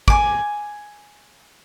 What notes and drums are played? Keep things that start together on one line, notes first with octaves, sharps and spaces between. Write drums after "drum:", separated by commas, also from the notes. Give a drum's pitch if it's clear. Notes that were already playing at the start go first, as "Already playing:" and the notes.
G#5 D6, drum: kick